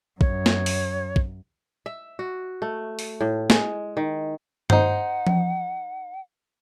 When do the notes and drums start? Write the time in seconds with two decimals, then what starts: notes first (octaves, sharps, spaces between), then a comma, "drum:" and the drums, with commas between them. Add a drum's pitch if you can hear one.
0.21 F#2 C#5, drum: kick
0.46 drum: snare
0.66 drum: open hi-hat
1.16 drum: kick
1.86 E5
2.19 F#4
2.62 A3
2.99 drum: open hi-hat
3.21 A2
3.50 G#3, drum: snare
3.97 D#3
4.70 D#4 C5 F#5, drum: tom G2
5.27 drum: tom F3